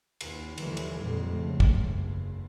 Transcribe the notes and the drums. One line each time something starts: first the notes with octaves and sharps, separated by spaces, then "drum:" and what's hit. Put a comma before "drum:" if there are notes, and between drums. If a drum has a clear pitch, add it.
D#2, drum: cymbal
D#2 D3 E3 F#3 G3, drum: cymbal
drum: cymbal
A#1 F2 A#2 D3 G3 G#3
C#2 G#2 C#3 A3
drum: kick
F#1 E2 G2